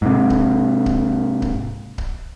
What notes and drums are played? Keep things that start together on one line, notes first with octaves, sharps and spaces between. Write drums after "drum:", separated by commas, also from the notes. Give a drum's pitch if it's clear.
G#2 C3
drum: kick C#1
drum: kick C#1
drum: kick C#1
drum: kick C#1